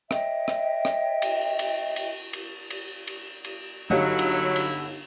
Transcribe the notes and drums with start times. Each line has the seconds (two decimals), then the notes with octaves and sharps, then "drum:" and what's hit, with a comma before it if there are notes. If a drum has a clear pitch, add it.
0.11 C#5 D#5 E5 G5, drum: rim click
0.48 drum: rim click
0.85 drum: rim click
1.22 drum: cymbal
1.59 drum: cymbal
1.96 drum: cymbal
2.33 drum: cymbal
2.70 drum: cymbal
3.07 drum: cymbal
3.45 drum: cymbal
3.90 G1 F#3 D#4 E4 G4 D#5 F5 F#5
4.19 drum: cymbal
4.56 drum: cymbal